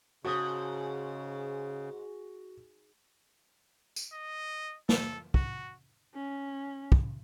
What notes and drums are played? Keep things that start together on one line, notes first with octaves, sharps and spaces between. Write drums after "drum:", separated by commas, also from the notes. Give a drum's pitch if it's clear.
G#2 C#3 F#4 C#5 A5 D#6
drum: tambourine
D#5
A4, drum: snare
F#4, drum: kick
C#4
drum: kick